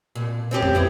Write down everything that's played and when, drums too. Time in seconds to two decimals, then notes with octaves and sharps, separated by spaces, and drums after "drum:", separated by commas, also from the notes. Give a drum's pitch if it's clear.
0.15 A#2
0.51 C4 C#4 G4
0.63 drum: tom F2
0.75 G2 B3 E4